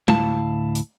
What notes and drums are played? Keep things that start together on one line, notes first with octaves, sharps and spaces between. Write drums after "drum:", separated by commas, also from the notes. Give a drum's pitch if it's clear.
D2 A2 E4 F5 A5, drum: tom G#3
drum: hi-hat